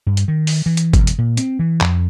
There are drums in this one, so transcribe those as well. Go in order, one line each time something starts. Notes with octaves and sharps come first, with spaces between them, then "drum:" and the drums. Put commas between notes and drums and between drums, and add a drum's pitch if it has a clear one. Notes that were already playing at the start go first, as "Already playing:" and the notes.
G2
drum: hi-hat
D#3
drum: open hi-hat
E3
drum: hi-hat
E1, drum: kick G1, hi-hat
drum: hi-hat
A#2
C4, drum: hi-hat
E3
F2, drum: clap